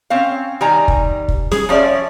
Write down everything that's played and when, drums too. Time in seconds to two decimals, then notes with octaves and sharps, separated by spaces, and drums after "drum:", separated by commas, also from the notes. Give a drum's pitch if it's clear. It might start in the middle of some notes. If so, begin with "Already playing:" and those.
0.10 C4 C#4 F5
0.61 D#3 G3 G#5 A#5
0.88 drum: kick
1.28 drum: kick
1.52 G#4, drum: snare
1.69 F3 C#4 G#4 D5 E5